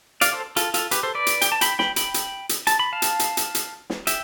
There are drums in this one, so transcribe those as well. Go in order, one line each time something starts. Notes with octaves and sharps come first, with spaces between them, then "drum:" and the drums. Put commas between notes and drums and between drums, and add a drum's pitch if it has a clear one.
D5 F5, drum: hi-hat
A4 C5
F4 A4, drum: hi-hat
F4 A4, drum: hi-hat
G4 B4, drum: hi-hat
A4 C5
B4 D5
drum: hi-hat
G5, drum: hi-hat
A5
G5 B5, drum: hi-hat
G5 B5, drum: snare
G5 B5, drum: hi-hat
drum: hi-hat
drum: hi-hat
A5, drum: hi-hat
B5
F5 A5
drum: hi-hat
drum: hi-hat
drum: hi-hat
drum: hi-hat
drum: snare
E5 G5, drum: hi-hat